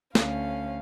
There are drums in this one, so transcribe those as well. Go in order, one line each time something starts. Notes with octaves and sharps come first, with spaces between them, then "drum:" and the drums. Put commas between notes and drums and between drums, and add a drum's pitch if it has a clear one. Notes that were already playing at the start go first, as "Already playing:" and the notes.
D2 C#4 F5, drum: snare